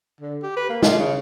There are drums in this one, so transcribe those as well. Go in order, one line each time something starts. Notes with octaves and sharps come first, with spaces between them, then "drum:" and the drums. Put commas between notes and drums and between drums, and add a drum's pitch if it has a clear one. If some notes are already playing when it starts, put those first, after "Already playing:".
D3
G4
B4
A#3
F4, drum: snare
C#3